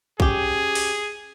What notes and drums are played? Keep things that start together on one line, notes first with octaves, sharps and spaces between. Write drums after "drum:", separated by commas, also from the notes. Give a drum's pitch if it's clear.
C#4 G4 G#4, drum: kick
drum: open hi-hat